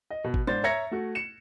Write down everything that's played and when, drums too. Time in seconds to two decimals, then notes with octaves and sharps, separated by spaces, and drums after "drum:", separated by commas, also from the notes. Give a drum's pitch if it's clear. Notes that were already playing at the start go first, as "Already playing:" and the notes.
0.10 D#5
0.24 B2
0.34 drum: kick G1
0.47 G#2 D4 C5 A6
0.64 C#5 E5 A#5 G#6 A#6 C#7
0.91 A3 F#4
1.15 C#7 E7